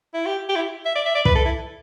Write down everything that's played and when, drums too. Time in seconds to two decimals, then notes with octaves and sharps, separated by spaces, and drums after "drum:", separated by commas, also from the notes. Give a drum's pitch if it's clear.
0.14 E4
0.26 G4
0.49 G4
0.56 E4
0.86 E5
0.95 D5
1.06 E5
1.15 D5
1.25 B4, drum: kick
1.36 A4
1.45 E4